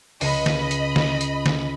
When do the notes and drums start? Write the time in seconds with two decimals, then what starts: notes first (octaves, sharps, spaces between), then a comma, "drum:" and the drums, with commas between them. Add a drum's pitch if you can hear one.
0.21 C#2 D#5 B5, drum: open hi-hat
0.46 drum: snare
0.71 drum: hi-hat
0.96 drum: snare
1.21 drum: hi-hat
1.46 drum: snare